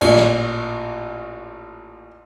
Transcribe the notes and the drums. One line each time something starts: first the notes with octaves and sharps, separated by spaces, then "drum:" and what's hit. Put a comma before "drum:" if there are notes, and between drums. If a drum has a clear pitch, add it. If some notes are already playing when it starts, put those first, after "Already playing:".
A1 A#2, drum: cymbal
drum: snare